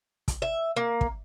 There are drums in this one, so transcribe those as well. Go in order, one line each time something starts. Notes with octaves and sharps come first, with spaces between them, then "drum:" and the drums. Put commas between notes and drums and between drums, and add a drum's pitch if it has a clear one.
drum: kick, hi-hat
E5
A#3
drum: kick